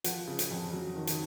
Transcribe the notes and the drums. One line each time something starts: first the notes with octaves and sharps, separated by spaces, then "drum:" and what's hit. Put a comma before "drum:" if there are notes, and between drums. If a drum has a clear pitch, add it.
F3 F#5, drum: hi-hat
C#3
drum: hi-hat
F2
F#3
D#3
drum: hi-hat